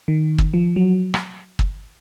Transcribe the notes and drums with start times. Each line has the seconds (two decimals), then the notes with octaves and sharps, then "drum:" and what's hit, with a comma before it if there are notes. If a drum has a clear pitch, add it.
0.08 D#3
0.38 drum: kick
0.54 F3
0.76 F#3
1.14 drum: rim click
1.59 drum: kick